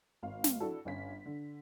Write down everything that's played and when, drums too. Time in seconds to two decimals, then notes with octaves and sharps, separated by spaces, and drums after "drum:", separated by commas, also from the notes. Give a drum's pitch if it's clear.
0.23 G#1 F5
0.44 drum: snare
0.60 D4 E4 F#4 A4
0.85 G1 C#4 F5 B6
1.25 D3